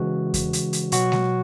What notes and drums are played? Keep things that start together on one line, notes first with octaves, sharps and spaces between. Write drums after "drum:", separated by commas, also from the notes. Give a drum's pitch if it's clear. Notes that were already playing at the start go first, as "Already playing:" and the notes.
Already playing: C#3 E3 G#3 F#4
drum: kick E2, hi-hat
drum: hi-hat
drum: hi-hat
B2 F#3 F#4, drum: hi-hat
drum: snare G#3